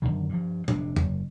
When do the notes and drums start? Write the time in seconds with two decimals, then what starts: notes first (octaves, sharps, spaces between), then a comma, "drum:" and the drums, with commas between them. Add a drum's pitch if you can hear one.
0.02 F#2 B2 D3 D#3
0.29 G2 F3
0.68 F1 C3 D4, drum: tom
0.96 F#1, drum: tom E2